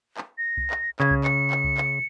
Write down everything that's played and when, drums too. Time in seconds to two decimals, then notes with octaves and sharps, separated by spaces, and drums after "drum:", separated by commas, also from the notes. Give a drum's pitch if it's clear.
0.17 drum: clap
0.38 A#6
0.57 drum: kick C2
0.71 drum: clap
1.00 C#3 G#6, drum: clap
1.11 drum: kick C2
1.24 C#7, drum: clap
1.51 drum: clap
1.64 drum: kick C2
1.78 drum: clap